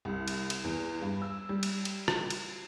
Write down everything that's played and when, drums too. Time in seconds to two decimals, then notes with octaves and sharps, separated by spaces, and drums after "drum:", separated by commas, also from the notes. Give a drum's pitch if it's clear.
0.05 C2
0.28 drum: cymbal
0.50 drum: cymbal
0.64 E2
1.02 G2
1.22 E6
1.49 G3
1.63 drum: cymbal
1.85 drum: cymbal
2.08 drum: rim click
2.30 drum: cymbal